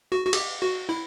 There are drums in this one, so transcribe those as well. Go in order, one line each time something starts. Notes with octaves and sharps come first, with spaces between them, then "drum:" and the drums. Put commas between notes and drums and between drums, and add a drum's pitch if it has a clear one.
F#4
F#4
G4, drum: cymbal
F#4
E4